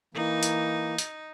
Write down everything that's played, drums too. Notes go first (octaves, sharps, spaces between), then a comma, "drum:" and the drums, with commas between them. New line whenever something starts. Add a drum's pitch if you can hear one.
E3 A#3 D#4
drum: hi-hat
drum: hi-hat